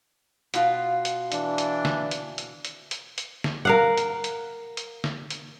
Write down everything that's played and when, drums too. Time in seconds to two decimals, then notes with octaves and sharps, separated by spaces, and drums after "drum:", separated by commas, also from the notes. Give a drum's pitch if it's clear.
0.54 B2 F4, drum: hi-hat
1.05 drum: hi-hat
1.32 E3 D4, drum: hi-hat
1.58 drum: hi-hat
1.85 drum: snare
2.11 drum: hi-hat
2.38 drum: hi-hat
2.65 drum: hi-hat
2.91 drum: hi-hat
3.18 drum: hi-hat
3.44 drum: snare
3.65 A#4 F5 F#5
3.98 drum: hi-hat
4.24 drum: hi-hat
4.77 drum: hi-hat
5.04 drum: snare
5.30 drum: hi-hat